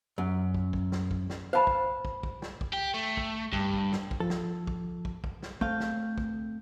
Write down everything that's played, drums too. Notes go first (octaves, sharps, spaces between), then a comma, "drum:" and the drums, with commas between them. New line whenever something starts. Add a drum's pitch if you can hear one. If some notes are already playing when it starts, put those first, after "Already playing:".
F#2
drum: kick
drum: kick
drum: snare
drum: kick
drum: snare
C5 F5 A5 B5
drum: kick
drum: kick
drum: kick
drum: snare
drum: kick
G4
A3
drum: kick
G2, drum: kick
drum: kick
drum: snare
drum: kick
F3 A4
drum: snare
drum: kick
drum: kick
drum: kick
drum: snare
A3 C4 F5 G6, drum: kick
drum: snare
drum: kick